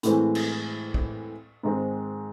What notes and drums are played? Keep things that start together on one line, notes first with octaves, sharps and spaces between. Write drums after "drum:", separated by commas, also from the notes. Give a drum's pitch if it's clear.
A2 E3 G#3 C4, drum: hi-hat
drum: cymbal
drum: kick
G#2 D#3 G#3 C4